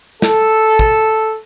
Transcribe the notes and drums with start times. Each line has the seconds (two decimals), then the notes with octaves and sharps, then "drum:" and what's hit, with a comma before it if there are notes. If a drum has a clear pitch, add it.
0.22 A4, drum: snare
0.79 drum: kick